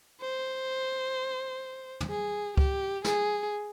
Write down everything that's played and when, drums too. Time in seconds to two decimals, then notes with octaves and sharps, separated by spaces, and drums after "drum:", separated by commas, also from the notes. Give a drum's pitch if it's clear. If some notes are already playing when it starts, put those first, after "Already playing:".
0.21 C5
2.00 drum: tom
2.10 G#4
2.57 G4, drum: kick C#2
3.04 G#4, drum: snare